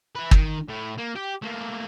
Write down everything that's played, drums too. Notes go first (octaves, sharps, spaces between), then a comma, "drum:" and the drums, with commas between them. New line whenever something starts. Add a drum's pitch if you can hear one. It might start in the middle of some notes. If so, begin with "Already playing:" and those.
E4 B4
D#3, drum: kick
A2
A#3
G4
A3 A#3